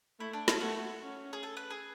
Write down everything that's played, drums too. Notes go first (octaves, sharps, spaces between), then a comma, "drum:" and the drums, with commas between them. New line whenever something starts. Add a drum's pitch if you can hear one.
A3 E4
D4
C#4, drum: snare
A3 F#4
C#4
G#4
A4
B4
G#4